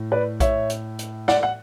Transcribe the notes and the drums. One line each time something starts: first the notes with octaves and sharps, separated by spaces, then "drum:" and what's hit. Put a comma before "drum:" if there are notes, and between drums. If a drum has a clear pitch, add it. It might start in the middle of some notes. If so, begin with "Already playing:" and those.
Already playing: A2
B4 D5
C#5 E5, drum: kick A#1, hi-hat
drum: hi-hat
drum: hi-hat
D5 F#5, drum: snare
F#5